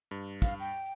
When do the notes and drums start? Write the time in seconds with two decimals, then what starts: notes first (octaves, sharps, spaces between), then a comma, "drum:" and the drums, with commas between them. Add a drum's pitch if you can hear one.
0.11 G2
0.42 F5, drum: kick
0.60 G5